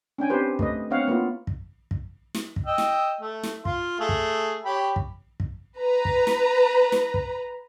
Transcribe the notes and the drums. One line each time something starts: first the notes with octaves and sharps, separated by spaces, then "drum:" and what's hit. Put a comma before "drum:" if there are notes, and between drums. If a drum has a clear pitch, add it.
C#4 D4 G5 G#5
C4 G4 B4 C5
A3 B4 D#5, drum: kick
B3 C4 D4 C#5 F5 F#5
A#3 B3 E4 F4
drum: kick
drum: kick
drum: snare
drum: kick
D#5 G5 E6
drum: snare
A3
drum: snare
F4 C6, drum: kick
A3 G#4
drum: kick
G4 C#5 B5
drum: kick
drum: kick
B4 A#5
drum: kick
drum: snare
drum: snare
drum: kick